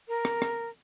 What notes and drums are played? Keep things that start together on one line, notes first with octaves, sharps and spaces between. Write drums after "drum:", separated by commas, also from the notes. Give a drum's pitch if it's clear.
A#4
drum: rim click
drum: rim click